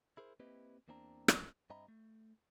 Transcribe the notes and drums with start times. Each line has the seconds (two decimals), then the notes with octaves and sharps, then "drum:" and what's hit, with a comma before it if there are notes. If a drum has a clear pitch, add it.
0.17 E4 G#4 A#4 C5
0.40 A#3 C4 E4 G4 B4 D#5
0.88 E2 A#3 C4 D4 A#5
1.28 drum: rim click
1.70 G2 C4 D#5 E5 A#5 B5
1.88 A3